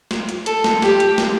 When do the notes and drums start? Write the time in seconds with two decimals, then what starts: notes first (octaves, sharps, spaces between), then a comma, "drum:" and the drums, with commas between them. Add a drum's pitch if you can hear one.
0.11 drum: snare
0.29 drum: hi-hat
0.46 A4, drum: hi-hat
0.64 drum: snare
0.82 G4, drum: snare
1.00 drum: hi-hat
1.18 drum: snare